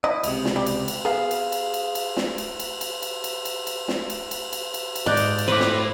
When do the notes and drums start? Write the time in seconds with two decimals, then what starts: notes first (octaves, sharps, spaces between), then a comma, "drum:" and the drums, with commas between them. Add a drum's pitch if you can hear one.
0.04 E4 D#5
0.24 C#2 C3, drum: cymbal
0.45 drum: snare
0.56 G3
0.66 drum: cymbal
0.88 drum: cymbal
1.05 B3 G#4 F5
1.31 drum: cymbal
1.52 drum: cymbal
1.74 drum: cymbal
1.95 drum: cymbal
2.17 drum: snare
2.38 drum: cymbal
2.60 drum: cymbal
2.81 drum: cymbal
3.02 drum: cymbal
3.24 drum: cymbal
3.45 drum: cymbal
3.67 drum: cymbal
3.88 drum: snare
4.10 drum: cymbal
4.31 drum: cymbal
4.53 drum: cymbal
4.74 drum: cymbal
4.95 drum: cymbal
5.06 G#2 D5 D#5 F#6 G6
5.17 drum: cymbal
5.38 drum: cymbal
5.48 A2 B4 C5 D6
5.60 drum: snare